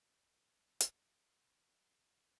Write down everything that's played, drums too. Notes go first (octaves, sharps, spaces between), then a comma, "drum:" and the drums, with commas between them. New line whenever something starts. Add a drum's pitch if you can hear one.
D#5 B5 G7
drum: hi-hat
E6 G6